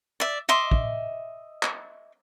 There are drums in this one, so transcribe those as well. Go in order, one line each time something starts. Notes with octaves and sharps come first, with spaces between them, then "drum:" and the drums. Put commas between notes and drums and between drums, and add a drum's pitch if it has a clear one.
D5 E5
D#5 E5 C6 D6
drum: kick
drum: clap